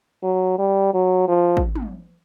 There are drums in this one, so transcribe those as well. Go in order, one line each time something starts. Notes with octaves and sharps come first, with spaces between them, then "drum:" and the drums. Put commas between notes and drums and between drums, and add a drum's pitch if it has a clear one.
F#3
G3
F#3
F3
drum: kick
drum: tom